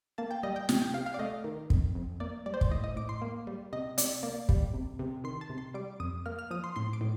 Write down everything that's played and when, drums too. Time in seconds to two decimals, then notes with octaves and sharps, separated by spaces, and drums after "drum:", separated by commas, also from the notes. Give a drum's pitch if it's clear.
0.18 A#3 A5
0.31 G5
0.43 G3 D#5
0.56 G5
0.69 C3 G5, drum: snare
0.82 G5
0.94 C3 F5
1.06 F5
1.14 D5
1.19 A3 D#5
1.44 D#3
1.70 F2, drum: kick
1.95 F2
2.20 A#3 D5
2.46 G3 D5
2.54 C5
2.61 D5, drum: kick
2.71 A2 D#5
2.84 D#5
2.96 A2 D6
3.09 C6
3.22 A#3
3.47 G3
3.73 C3 D#5
3.98 C3 D5, drum: hi-hat
4.23 A#3 D5
4.49 G3, drum: kick
4.74 C3
4.99 C3
5.24 D#3 C6
5.41 A5
5.50 C3
5.58 C6
5.74 G3 D6
6.00 F2 D#6
6.26 A#3 F6
6.39 F6
6.51 F3 D#6
6.64 C6
6.76 A2 C6
6.93 D6
7.01 A2